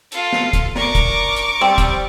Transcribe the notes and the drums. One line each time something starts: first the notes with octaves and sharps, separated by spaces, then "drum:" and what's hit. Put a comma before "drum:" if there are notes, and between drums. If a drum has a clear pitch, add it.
F4 A4, drum: hi-hat
drum: snare
drum: kick, hi-hat
D4 A#4 A#5 C#6 D6, drum: snare
drum: kick, hi-hat
drum: hi-hat
G3 C4
drum: kick, hi-hat